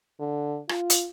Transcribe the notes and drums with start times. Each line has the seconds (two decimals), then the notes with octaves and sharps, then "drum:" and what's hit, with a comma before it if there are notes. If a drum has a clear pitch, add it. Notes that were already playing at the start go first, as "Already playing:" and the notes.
0.20 D3
0.69 F4, drum: rim click
0.90 drum: hi-hat